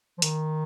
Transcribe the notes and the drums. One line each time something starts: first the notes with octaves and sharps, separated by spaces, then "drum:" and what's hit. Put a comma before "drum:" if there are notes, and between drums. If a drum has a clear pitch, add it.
F3
D#3, drum: hi-hat